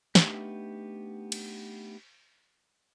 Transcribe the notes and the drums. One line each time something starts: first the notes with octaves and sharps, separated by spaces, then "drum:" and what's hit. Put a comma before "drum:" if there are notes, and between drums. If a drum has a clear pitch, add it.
A3 B3 D4 D#4 G4, drum: snare
drum: cymbal